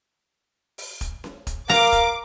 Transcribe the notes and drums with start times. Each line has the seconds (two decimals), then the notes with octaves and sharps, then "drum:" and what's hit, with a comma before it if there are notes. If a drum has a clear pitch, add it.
0.78 drum: open hi-hat
1.01 drum: kick, hi-hat
1.24 drum: snare C#4
1.47 drum: kick, hi-hat
1.70 A#4 F5 A#5 D6, drum: open hi-hat
1.92 drum: kick, hi-hat